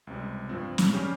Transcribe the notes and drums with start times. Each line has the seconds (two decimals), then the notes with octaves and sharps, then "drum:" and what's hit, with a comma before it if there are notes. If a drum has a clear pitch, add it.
0.07 C#2 C3 G3
0.49 G2 F3 C4
0.78 drum: snare
0.93 C#3 G3 C#4 G4